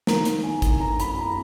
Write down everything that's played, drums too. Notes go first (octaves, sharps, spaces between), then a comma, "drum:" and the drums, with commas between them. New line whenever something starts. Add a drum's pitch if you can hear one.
D#3 A#3 A#5, drum: snare
drum: hi-hat
G#5
drum: kick, hi-hat
A#5
B5, drum: hi-hat
A#5